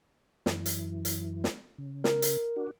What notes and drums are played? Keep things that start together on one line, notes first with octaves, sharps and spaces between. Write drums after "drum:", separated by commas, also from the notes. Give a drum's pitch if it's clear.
F#2 E3, drum: snare
drum: hi-hat
drum: hi-hat
drum: snare
C#3
A#4, drum: snare
drum: hi-hat
D4 F#4